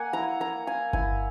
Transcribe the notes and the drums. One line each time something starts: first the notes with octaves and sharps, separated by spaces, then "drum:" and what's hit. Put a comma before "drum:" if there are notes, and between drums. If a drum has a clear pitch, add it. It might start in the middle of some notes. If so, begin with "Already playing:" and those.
Already playing: A#3 F#5 G#5
E4 A#5
A#3 A#5
A#3 G#5
E4 G#5, drum: kick G1